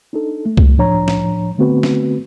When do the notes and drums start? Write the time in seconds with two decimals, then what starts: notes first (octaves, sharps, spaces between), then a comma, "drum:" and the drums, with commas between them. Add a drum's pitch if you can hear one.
0.13 D4 D#4 A4
0.46 A3
0.57 drum: kick C2
0.78 A2 F3 D4 C#5 A#5
1.08 drum: snare
1.58 D3 A3 B3 C4 F#4 B4
1.83 drum: snare